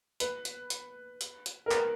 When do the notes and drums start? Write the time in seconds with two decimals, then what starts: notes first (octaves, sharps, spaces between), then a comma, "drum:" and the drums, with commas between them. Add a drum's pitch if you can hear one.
0.20 B4, drum: hi-hat
0.45 drum: hi-hat
0.70 drum: hi-hat
1.21 drum: hi-hat
1.46 drum: hi-hat
1.66 A#4
1.71 B4, drum: clap